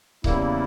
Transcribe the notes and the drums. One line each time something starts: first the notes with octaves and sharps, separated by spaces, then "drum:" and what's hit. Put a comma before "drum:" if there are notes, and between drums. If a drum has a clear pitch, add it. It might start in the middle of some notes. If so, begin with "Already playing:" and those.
E2 C#3 G3 A#3 E4, drum: kick C#1